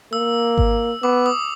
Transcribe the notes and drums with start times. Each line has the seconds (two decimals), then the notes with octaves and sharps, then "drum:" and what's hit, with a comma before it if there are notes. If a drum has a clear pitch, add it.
0.12 A#3 E6
0.58 drum: kick G#1
1.03 B3 D6
1.26 D#6